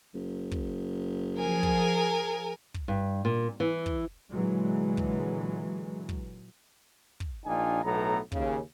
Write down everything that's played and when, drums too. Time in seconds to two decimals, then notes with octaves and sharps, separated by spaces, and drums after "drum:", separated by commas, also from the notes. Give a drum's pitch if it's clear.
0.14 F#1
0.51 drum: kick
1.37 F3 G#4 A#4 G#5
1.63 drum: kick
2.74 drum: kick
2.88 G2
3.25 A#2
3.60 E3
3.86 drum: kick
4.29 A#2 D3 E3 F#3 G#3
4.97 drum: kick
6.09 drum: kick
7.20 drum: kick
7.45 A#1 D4 D#4 F4 G5 G#5
7.83 B1 A2 B3 A4 A#5
8.32 D#2 C#3, drum: kick